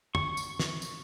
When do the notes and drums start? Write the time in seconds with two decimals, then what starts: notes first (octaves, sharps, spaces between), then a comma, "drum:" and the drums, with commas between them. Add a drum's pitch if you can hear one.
0.15 C#6, drum: tom
0.37 drum: tambourine
0.59 drum: snare
0.82 drum: tambourine